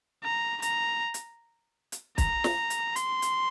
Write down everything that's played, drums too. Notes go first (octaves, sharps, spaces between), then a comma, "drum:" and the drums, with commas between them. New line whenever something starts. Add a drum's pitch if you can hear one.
A#5
A#5, drum: hi-hat
drum: hi-hat
drum: hi-hat
A#5, drum: kick, hi-hat
drum: snare
drum: hi-hat
C6, drum: hi-hat
drum: hi-hat